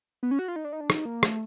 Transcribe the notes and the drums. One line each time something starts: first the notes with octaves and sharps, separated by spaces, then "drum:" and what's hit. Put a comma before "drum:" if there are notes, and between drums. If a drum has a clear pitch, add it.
B3
C#4
F#4
F4
D#4
D4
D#4
D4
D#4, drum: rim click
A#3
A3, drum: rim click